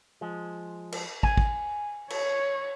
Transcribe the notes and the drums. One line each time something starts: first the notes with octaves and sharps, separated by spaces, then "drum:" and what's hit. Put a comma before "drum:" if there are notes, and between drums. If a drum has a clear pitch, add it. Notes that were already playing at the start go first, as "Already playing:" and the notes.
F3 G#3
drum: cymbal
G#5, drum: kick
drum: kick
C#5, drum: cymbal